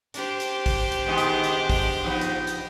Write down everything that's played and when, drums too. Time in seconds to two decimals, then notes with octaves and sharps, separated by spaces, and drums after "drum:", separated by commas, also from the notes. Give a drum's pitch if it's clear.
0.14 D4 G4 C5, drum: hi-hat
0.40 drum: hi-hat
0.66 drum: kick A1, open hi-hat
0.92 drum: hi-hat
1.06 D#3 G#3 B3
1.18 drum: hi-hat
1.44 drum: hi-hat
1.70 drum: kick A1, open hi-hat
2.04 F3 B3 D#4
2.21 drum: hi-hat
2.47 drum: hi-hat